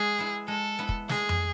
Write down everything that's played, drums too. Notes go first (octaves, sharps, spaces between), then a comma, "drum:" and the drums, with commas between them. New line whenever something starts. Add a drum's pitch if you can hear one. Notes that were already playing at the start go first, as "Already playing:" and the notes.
Already playing: G#3 G#4
B3 E4
G#3 A4
B3 E4
drum: kick
G#3 G#4, drum: snare
drum: tom F2